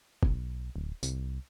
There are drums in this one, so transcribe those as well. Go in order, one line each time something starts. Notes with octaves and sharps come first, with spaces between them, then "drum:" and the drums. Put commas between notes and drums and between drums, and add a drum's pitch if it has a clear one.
B1, drum: kick
D1
C2, drum: tambourine